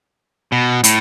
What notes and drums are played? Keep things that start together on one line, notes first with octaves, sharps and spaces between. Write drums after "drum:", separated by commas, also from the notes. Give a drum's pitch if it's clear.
B2
A2, drum: hi-hat